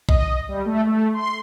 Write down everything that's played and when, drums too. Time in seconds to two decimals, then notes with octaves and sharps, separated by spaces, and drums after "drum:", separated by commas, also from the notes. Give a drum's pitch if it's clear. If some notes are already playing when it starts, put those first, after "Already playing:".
0.09 D#5, drum: kick
0.49 G3
0.66 A3
0.87 A3
1.14 C6